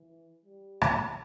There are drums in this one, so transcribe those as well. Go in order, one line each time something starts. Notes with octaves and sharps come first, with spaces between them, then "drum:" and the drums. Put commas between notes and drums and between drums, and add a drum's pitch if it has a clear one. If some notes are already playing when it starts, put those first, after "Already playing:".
Already playing: E3
G3
drum: rim click